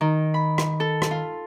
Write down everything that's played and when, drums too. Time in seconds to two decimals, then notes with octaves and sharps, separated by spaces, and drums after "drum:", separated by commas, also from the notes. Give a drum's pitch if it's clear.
0.01 D#3
0.34 B5
0.58 drum: rim click
0.80 A4
1.02 drum: rim click
1.11 F4